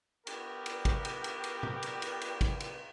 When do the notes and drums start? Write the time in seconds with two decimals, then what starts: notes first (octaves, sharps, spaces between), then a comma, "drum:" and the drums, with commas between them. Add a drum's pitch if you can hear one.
0.27 B3 F#4 G4 A#4, drum: cymbal
0.66 drum: cymbal
0.85 drum: kick, cymbal
1.05 drum: cymbal
1.24 drum: cymbal
1.44 drum: cymbal
1.63 drum: tom A#2
1.82 drum: cymbal
2.02 drum: cymbal
2.21 drum: cymbal
2.41 drum: kick, cymbal
2.60 drum: cymbal